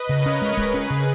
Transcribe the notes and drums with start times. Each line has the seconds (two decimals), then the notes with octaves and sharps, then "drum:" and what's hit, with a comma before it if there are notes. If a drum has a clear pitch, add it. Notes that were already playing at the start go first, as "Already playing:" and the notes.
Already playing: B4 D#5
0.09 C#3 A#4 C#5
0.26 C#4
0.42 G#3
0.57 G#3 G#4 B4, drum: kick D1
0.74 C#4
0.90 C#3